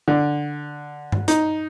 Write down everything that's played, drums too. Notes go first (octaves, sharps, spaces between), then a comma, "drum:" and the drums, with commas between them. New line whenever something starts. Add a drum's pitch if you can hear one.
D3
drum: tom G2
D#4, drum: hi-hat